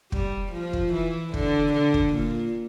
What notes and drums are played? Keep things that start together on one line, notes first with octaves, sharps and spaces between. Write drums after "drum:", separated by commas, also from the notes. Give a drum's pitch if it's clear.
G3, drum: kick
F3
drum: kick
E3
D3, drum: kick
D3
drum: kick
A#2